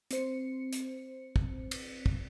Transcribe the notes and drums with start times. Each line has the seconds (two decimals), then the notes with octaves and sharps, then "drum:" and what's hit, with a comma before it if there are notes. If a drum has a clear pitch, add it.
0.11 C4 C5 C#7, drum: hi-hat
0.73 drum: hi-hat
1.36 drum: kick
1.71 drum: cymbal
2.06 drum: kick